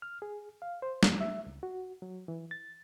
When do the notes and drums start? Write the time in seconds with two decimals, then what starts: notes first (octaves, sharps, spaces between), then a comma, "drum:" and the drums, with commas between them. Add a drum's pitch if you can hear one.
0.02 F6
0.22 G#4
0.62 F5
0.82 C5
1.03 F#2, drum: snare
1.21 E5
1.47 C#2
1.63 F#4
2.02 F#3
2.28 E3
2.51 A6